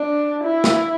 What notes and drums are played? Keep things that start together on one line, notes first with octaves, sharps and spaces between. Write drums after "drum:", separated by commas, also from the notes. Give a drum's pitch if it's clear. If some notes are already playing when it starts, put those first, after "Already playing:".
Already playing: D4
E4
drum: snare